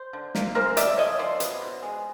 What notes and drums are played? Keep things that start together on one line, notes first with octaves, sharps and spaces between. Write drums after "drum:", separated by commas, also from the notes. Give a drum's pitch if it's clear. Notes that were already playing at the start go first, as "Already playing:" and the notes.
Already playing: C5
D3
A#3, drum: snare
C#3 A#4 C5
C#3 D5 E5, drum: hi-hat
F3 C#5 D#5
F3 C5 D5
B3, drum: hi-hat
B2
G#3